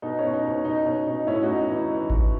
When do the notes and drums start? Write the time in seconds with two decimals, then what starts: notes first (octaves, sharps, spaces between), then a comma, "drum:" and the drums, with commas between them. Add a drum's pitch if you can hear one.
0.02 B2 D#4
0.19 B2 C#4
0.34 D#4
0.44 B2
0.49 C#4
0.64 B2 D#4
0.85 B2 C#4
1.06 B2 D#4
1.27 A2 C#4 E4
1.43 D#4 F#4
1.48 A2
1.58 D#4
1.68 E3
1.74 D#4
1.90 E3
2.10 E3, drum: kick G#1